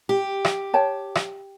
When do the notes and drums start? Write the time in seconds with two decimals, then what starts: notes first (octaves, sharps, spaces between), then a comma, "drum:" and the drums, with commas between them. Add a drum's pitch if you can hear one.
0.09 G4
0.45 drum: rim click
0.74 C#5 G5 A5
1.15 drum: rim click